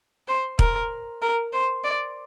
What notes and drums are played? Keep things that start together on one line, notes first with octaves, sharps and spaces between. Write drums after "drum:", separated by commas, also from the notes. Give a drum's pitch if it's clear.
C5
A#4, drum: kick
A#4
C5
D5